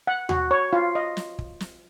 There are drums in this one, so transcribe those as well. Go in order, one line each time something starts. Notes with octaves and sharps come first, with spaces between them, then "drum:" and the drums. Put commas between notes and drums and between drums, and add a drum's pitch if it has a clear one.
F#5
F#4, drum: tom D#2
C#5
F4
D#5
drum: snare
drum: kick
drum: snare